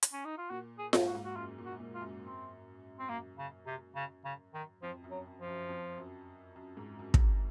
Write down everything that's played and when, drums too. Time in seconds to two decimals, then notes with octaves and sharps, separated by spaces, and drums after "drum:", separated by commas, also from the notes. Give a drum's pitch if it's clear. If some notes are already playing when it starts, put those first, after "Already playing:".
0.03 drum: hi-hat
0.13 C#4
0.25 D#4
0.38 F4
0.50 A#2 F#4
0.78 G#4
0.93 G#2, drum: snare F4
1.07 F#4
1.15 G#2
1.24 F#4
1.36 F#2 F4
1.58 A#2
1.66 F#4
1.80 A#2
1.94 F4
2.01 F#2
2.23 C4
2.99 C4
3.09 F#2 A#3
3.39 C#3
3.67 C3
3.95 C#3
4.25 C#3
4.54 D#3
4.82 F2 F3
5.04 F#2
5.11 F#3
5.26 F#2
5.40 F3
5.47 F#2
5.69 F2
5.98 F#2
6.56 F#2
6.77 G#2
6.99 F#2
7.14 drum: kick